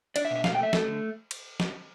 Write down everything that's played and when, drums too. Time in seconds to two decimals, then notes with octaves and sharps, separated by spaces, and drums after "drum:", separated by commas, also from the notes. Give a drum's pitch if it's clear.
0.16 D4 D5, drum: cymbal
0.25 E5
0.31 B2
0.36 E5
0.44 A3 F5, drum: snare
0.55 G5
0.59 A3 E5
0.73 A3 A4, drum: snare
0.87 D3
1.31 drum: cymbal
1.60 drum: snare